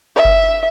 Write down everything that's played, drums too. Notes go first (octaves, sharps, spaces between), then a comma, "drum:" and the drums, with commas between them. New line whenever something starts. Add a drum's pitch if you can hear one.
E5
drum: kick F#1